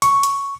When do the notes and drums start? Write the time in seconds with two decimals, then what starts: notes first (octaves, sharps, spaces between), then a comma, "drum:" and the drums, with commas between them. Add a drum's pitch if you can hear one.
0.02 C#6, drum: hi-hat
0.23 drum: hi-hat